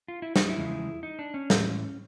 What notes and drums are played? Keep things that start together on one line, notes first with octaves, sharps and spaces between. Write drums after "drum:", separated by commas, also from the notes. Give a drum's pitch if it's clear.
F4
E4
D#4, drum: snare
E4
E2 C#3 F3 G#3
D#4
D4
C#4
A2 E3 G#3, drum: snare